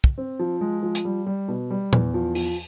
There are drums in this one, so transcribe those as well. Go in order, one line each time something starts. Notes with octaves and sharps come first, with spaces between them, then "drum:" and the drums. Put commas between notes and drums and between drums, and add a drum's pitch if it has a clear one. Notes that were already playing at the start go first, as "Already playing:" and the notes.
drum: kick
C4
F3
G#3
F3
drum: hi-hat
G3
G3
B2
G3
E2, drum: tom A#2
F3
F3, drum: open hi-hat